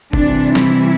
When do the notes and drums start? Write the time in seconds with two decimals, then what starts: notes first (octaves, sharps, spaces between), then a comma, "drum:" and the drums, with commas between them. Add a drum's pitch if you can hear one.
0.13 C3 E3 G3 D4, drum: kick
0.55 E4, drum: snare